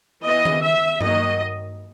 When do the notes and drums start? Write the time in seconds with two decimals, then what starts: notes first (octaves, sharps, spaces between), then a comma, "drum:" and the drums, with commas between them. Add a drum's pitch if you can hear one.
0.24 E3 B3 D#5
0.45 drum: tom D#3
0.62 E5
1.01 D#3 F#3 A#3 D#5, drum: tom G2